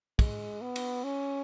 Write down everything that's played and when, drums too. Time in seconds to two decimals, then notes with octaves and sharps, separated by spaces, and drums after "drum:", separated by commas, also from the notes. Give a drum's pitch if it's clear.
0.19 G#3, drum: kick, cymbal
0.61 B3
0.76 drum: cymbal
1.04 C#4